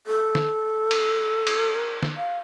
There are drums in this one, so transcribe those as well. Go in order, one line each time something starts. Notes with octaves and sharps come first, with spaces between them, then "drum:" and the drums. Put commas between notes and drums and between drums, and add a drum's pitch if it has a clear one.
A4
drum: snare
drum: cymbal
drum: cymbal
A#4
drum: snare
F5